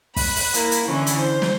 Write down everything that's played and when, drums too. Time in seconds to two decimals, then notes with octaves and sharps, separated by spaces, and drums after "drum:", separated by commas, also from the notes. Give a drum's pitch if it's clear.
0.16 B5 F#6, drum: kick, open hi-hat
0.36 drum: open hi-hat
0.54 A#3 E4, drum: hi-hat
0.71 drum: hi-hat
0.86 D3 E3 C#4 E4
1.07 drum: hi-hat
1.18 C5
1.42 drum: snare